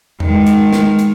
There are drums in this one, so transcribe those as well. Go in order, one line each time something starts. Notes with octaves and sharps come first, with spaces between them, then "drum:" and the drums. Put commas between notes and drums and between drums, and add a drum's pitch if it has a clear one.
D#3 G#3, drum: tom E2
drum: hi-hat
drum: snare
drum: hi-hat